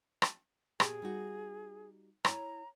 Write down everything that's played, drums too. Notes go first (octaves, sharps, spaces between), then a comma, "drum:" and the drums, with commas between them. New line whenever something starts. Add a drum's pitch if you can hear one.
drum: rim click
A#2 B3 G4 G#4, drum: rim click
G3 D#4 F#4
E4 C#5 A#5, drum: rim click